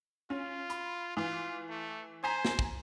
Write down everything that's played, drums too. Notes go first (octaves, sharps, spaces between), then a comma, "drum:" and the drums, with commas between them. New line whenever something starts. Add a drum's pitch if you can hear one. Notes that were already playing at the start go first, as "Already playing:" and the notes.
C#4 F4
B5, drum: hi-hat
E3 F4
A3
C5 G#5 A#5 B6
drum: snare
drum: kick